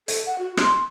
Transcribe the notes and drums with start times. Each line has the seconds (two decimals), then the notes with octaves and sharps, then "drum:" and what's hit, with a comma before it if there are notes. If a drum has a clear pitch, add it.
0.08 A4, drum: hi-hat
0.26 F#5
0.39 F#4
0.57 C6, drum: rim click